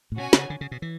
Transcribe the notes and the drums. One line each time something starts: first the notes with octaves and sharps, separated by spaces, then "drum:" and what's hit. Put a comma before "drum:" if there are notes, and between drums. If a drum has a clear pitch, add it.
A2
B2 C#4 F#4 C#5 G#5
C#3, drum: snare
D3
C#3
B2
E3